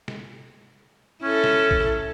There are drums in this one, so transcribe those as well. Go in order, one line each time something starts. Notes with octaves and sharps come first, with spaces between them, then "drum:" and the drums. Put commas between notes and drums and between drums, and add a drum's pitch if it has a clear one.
drum: snare
C#4 E4 A4
drum: snare
drum: kick A1